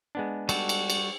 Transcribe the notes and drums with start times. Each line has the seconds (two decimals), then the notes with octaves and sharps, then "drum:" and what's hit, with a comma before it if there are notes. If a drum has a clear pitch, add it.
0.15 G#3 B3 D4
0.49 G3 F#4 A4, drum: cymbal
0.69 drum: cymbal
0.90 drum: cymbal